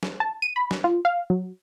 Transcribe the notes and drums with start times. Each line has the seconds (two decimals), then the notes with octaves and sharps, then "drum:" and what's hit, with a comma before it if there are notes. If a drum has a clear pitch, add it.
0.03 drum: snare
0.20 A5
0.42 D#7
0.56 B5
0.71 drum: snare
0.84 F4
1.05 F5
1.30 F#3